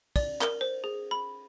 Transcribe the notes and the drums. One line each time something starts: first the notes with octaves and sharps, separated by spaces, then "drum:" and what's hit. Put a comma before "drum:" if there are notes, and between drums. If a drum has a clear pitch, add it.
D5, drum: kick, cymbal
A#4, drum: clap
C5
G#4
B5